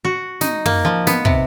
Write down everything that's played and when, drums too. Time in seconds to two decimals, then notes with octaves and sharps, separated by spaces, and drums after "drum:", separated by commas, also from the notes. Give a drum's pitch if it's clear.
0.05 F#4
0.41 D#4, drum: snare
0.66 A#3, drum: tom
0.85 F3
1.07 B3, drum: snare
1.25 C3, drum: kick